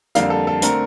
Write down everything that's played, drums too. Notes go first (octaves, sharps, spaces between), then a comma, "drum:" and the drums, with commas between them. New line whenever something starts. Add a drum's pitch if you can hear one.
F2 D3 G3 A#3 F5, drum: hi-hat
A4
A4
D3 A3 C4 A#4, drum: hi-hat